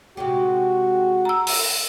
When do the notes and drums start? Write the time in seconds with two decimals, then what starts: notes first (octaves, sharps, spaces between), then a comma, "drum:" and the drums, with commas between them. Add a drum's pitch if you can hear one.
0.17 C3 G#3 F#4 G4
1.25 A#5 E6
1.47 drum: open hi-hat